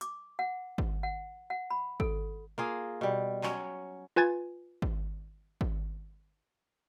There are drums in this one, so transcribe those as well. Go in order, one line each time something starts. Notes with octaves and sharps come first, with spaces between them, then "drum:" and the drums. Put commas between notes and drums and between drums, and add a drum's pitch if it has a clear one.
D6, drum: hi-hat
F#5
drum: kick G#1
F#5
F#5
B5
A4, drum: kick G#1
A#3 F4 G#4
B2 G3
F#3 C#4 C#5, drum: clap
F4 B4 G#5 G#6 A6
drum: kick G#1
drum: kick G#1